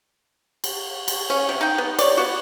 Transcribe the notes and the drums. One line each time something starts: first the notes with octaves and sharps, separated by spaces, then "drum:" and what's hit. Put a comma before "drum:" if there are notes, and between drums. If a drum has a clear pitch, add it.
drum: cymbal
drum: cymbal
C#4
C3
D#4 G5
B3
C#5 D5, drum: cymbal
B3 F#4